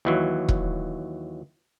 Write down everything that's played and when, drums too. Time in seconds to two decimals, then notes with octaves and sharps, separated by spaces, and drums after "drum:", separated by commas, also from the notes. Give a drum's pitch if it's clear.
0.05 D#2 E3 F#3
0.49 drum: kick E1